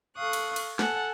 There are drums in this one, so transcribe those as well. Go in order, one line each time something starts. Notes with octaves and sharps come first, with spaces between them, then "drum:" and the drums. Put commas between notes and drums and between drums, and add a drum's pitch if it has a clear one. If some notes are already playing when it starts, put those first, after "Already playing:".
A4 F5 C#6 D#6 F#6
drum: cymbal
drum: cymbal
A4 F#5 G#5 A5, drum: snare